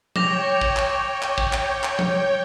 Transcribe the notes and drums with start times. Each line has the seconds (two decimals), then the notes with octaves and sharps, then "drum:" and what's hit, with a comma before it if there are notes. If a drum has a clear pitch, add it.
0.16 C#5 G5 D6 A#6 F7, drum: tom F3
0.61 drum: kick
0.77 drum: clap
1.22 drum: clap
1.38 drum: kick
1.53 drum: clap
1.84 drum: clap
1.99 drum: tom F3